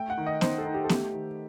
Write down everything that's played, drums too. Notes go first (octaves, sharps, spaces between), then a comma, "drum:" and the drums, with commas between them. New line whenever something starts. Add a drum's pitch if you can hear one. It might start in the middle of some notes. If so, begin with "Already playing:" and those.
Already playing: A3 G5
F#5
D#3
D#5
D#4 C5, drum: snare B3
A4
D#4
G4
A4
A3 G4, drum: snare B3
D#3